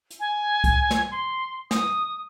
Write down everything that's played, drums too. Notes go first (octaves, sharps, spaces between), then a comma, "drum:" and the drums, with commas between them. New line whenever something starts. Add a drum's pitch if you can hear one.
drum: hi-hat
G#5
drum: kick C2, hi-hat
drum: snare
C6
D#6, drum: snare